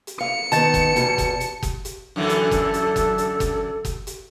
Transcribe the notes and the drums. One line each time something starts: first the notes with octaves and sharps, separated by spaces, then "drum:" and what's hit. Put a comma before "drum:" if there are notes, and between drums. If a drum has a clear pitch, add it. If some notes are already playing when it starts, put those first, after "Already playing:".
drum: hi-hat
F5 C#7
D#3 B3 A5 A6, drum: hi-hat
drum: kick F#1, hi-hat
E2 G2 B2, drum: hi-hat
drum: kick F#1, hi-hat
drum: hi-hat
drum: kick F#1, hi-hat
drum: hi-hat
F#2 D3 E3 A4
drum: hi-hat
drum: kick F#1, hi-hat
drum: hi-hat
drum: kick F#1, hi-hat
drum: hi-hat
drum: kick F#1, hi-hat
drum: kick F#1, hi-hat
drum: hi-hat